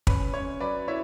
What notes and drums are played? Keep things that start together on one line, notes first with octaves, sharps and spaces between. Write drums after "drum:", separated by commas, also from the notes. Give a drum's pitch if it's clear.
C#4 B4, drum: kick
C#4 C#5
F#3 B4 D5
E4 C#5 E5